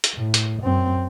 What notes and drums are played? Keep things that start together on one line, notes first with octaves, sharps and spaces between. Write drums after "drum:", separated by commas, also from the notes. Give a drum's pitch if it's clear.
drum: hi-hat
A2
drum: hi-hat
F#2 C4